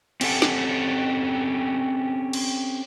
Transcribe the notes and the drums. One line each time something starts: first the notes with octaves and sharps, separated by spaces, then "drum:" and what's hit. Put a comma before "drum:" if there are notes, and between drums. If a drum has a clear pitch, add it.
C4 C#4 G4 A4 F#5, drum: cymbal
drum: snare
drum: cymbal